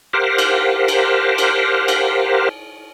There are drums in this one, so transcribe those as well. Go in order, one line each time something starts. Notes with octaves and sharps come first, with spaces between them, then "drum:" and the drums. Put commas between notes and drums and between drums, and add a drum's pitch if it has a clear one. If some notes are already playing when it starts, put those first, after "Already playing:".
G4 A#4 C5 F5 F#5
drum: cymbal
drum: cymbal
drum: cymbal
drum: cymbal